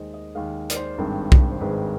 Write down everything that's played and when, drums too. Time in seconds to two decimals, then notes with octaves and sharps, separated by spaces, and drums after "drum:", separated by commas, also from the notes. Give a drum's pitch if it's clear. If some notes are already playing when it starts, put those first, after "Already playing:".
Already playing: D#2 D#3 G#3 C5 D#5
0.14 D#5
0.35 D#2 D#3 G#3 F5
0.70 D5, drum: hi-hat
0.76 C5
0.98 G#1 G2 D#3 G#3 C4
1.32 drum: kick B1
1.52 C5
1.60 G#1 G2 D#3 G#3 C4 B4
1.68 G#4
1.76 B4